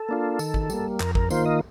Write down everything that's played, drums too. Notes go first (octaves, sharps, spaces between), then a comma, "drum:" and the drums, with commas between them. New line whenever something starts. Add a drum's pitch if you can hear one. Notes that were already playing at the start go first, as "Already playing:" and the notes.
Already playing: A4
A#3 D4 F4
D#3, drum: tambourine
drum: kick G#1
G3 A#3, drum: tambourine
F2 A#4, drum: clap
A#4, drum: kick G#1
D#3 A#3 F4 C5, drum: tambourine
D#5